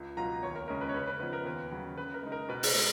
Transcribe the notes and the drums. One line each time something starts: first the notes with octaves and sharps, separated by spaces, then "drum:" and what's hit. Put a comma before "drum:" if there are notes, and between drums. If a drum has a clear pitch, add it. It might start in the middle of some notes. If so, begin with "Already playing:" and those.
Already playing: C#2
B2 F#3 B3 F4 A#5
D#2 C#5
A#4
C#3 G#3 C#4 A#4
B4
C#5
C#3 B4
B4
F3 B3 D#4 B4
A#4
D#2 B4
C#3 F#3
C#3 B4
A#4
G#3 D#4
A#4
B2 B4
drum: open hi-hat
G#3